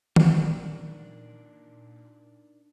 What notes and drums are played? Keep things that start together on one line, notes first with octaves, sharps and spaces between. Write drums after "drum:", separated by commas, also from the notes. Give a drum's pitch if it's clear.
A#2 D4 D#4 A#4, drum: tom D#3